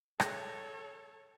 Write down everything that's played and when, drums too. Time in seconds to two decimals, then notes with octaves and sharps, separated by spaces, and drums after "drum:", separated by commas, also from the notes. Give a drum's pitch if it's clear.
0.20 G#4 A4 C#5 A#6, drum: rim click